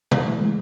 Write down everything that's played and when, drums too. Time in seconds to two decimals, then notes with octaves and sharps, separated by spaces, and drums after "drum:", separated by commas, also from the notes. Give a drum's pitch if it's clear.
0.11 E3 B3, drum: tom B2
0.26 E3 A3
0.41 E3 G#3